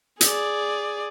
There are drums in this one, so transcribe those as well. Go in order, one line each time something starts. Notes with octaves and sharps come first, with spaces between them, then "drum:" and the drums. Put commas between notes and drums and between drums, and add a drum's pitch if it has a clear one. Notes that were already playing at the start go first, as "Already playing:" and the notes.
G#4 D5, drum: hi-hat